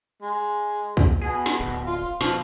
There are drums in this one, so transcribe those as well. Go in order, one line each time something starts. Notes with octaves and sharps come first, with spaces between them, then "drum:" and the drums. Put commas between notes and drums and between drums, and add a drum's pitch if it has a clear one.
G#3
drum: kick
B2 G#4
drum: snare
D1
F4
B2 F3, drum: snare